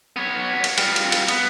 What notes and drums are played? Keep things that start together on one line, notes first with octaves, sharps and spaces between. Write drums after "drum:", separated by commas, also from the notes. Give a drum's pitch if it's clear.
B3 C#5
drum: cymbal
G3 F4, drum: cymbal
drum: cymbal
drum: cymbal
B3, drum: cymbal